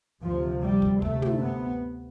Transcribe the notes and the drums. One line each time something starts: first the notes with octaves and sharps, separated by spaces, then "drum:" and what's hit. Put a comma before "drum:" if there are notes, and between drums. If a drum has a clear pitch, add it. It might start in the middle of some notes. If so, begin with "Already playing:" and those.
D2 C3 F3
G3
drum: kick
D2 C3 A3, drum: kick
drum: tom
B3